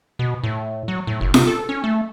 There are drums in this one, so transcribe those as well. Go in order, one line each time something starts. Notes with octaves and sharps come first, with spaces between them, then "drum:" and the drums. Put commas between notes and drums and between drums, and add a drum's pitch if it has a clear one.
B2
A2
F#3
A2
F#1
C3, drum: snare F4
A4
C#4
A3